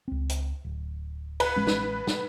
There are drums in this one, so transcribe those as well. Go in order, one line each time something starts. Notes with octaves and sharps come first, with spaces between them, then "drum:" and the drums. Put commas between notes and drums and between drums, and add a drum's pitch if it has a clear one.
C#2 C4
drum: hi-hat
D1
B4, drum: cymbal
A1 G#3 C#4
drum: snare
drum: snare